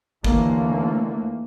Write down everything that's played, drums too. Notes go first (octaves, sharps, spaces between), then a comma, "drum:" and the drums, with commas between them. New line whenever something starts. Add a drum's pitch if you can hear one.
D#2 D3 E3 A3 A#3, drum: kick